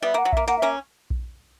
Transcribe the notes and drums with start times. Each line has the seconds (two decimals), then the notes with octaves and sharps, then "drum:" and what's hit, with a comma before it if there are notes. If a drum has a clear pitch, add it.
0.02 G3 B3 E5
0.14 A#3 F#5
0.25 F#3
0.33 A#3 E5, drum: kick A#1
0.48 A#3 F#5, drum: hi-hat
0.58 A#3 C#4 E5
1.10 drum: kick A#1